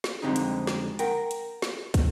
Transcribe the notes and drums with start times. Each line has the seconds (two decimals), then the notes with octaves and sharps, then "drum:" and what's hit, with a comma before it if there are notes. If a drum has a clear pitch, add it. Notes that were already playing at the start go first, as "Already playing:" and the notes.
0.04 drum: snare
0.22 F2 D3 G3 G#3 C4 D#4
0.36 drum: hi-hat
0.67 drum: snare
0.99 A#4 F#5 G5, drum: hi-hat
1.31 drum: hi-hat
1.62 drum: snare
1.94 drum: kick, hi-hat